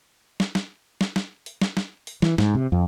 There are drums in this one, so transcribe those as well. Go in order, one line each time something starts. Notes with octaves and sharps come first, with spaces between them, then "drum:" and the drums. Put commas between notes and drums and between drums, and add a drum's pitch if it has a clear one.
drum: snare
drum: snare
drum: snare
drum: snare
drum: open hi-hat
drum: snare
drum: snare
drum: open hi-hat
E3, drum: snare
G#2, drum: snare
C3
F2